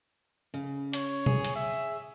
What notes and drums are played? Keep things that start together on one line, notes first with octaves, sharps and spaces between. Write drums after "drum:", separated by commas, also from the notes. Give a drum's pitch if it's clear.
C#3
C#5, drum: hi-hat
G#4, drum: tom
drum: hi-hat
E5